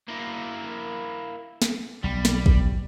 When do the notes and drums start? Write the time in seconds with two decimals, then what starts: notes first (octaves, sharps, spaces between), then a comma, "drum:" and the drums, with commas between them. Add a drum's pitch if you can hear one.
0.08 A#3 E4
1.62 drum: snare
2.04 B1 G3
2.25 drum: snare
2.46 drum: kick A1